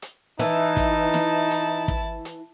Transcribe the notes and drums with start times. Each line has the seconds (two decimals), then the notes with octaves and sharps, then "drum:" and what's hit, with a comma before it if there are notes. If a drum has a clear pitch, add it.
0.02 drum: hi-hat
0.40 E3 D#4 E4 A5, drum: snare
0.77 drum: kick, hi-hat
1.14 drum: snare
1.51 drum: hi-hat
1.88 drum: kick
2.25 drum: hi-hat